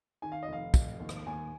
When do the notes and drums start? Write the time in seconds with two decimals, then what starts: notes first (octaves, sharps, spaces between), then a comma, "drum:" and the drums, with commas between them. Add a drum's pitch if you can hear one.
0.22 D#3 G#5
0.32 F5
0.43 F1 D#5
0.53 F5
0.74 F1, drum: kick, tambourine
1.00 D#2
1.09 drum: rim click
1.26 D#2 G#5